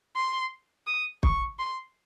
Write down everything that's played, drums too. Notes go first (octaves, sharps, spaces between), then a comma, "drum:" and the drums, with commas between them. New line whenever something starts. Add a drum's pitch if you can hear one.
C6
D#6
C#6, drum: kick
C6